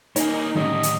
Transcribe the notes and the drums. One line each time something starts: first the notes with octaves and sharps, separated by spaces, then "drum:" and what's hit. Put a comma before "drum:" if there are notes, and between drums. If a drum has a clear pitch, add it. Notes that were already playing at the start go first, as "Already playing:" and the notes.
G3 A#3 D#4 C#5 D#5 G#5, drum: hi-hat
A2 D3 D#3 G3 C#4 D#5
drum: hi-hat